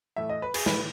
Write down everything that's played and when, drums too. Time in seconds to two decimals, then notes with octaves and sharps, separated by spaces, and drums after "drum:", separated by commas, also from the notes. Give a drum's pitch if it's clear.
0.16 A2 E3 A3 E5
0.29 D#5
0.42 B4
0.54 G#4, drum: cymbal
0.66 A2 E3 A3 B4, drum: snare